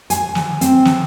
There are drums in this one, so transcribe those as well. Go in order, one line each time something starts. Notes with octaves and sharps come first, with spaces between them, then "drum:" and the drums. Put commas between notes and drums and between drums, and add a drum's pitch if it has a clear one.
G#5, drum: hi-hat
drum: snare
C4, drum: hi-hat
drum: snare